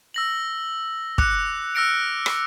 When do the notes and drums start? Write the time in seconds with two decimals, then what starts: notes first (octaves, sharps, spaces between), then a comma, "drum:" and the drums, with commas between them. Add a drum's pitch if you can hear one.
0.14 E6 A#6 F#7
1.18 D6 F#6 C#7, drum: kick
1.75 E6 F6 A#6 C#7 D7
2.26 drum: rim click